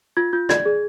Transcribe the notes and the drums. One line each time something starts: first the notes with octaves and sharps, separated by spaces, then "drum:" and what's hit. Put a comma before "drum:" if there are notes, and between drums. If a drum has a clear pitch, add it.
F4 G#6
F4 G6
D5 G#6, drum: rim click
G#4